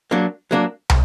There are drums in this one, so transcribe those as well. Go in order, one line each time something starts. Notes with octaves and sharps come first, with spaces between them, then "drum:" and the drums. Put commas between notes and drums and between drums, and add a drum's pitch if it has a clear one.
F#3 A#3 D4
F#3 A#3 D4
drum: tom